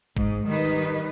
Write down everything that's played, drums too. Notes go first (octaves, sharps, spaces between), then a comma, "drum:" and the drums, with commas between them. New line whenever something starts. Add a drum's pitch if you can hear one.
G#2, drum: kick G1
D#3 G3 D#4 B4